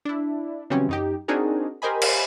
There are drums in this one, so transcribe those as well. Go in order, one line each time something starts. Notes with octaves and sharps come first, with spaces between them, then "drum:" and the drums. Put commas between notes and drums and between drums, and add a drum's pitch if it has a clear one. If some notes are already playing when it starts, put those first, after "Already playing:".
D4 E4
C#3 E3 F#3 G3 C4 C#4
F#2 D#4 G4
C4 D4 D#4 F#4 G#4 A#4
G4 A#4 C5 D#5 G#5 B5
drum: cymbal